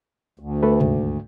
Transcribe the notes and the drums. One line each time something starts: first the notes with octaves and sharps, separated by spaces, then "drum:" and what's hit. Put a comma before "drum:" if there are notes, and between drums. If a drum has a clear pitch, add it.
D2
A3 A4 B4
D#2 G#2, drum: tom C3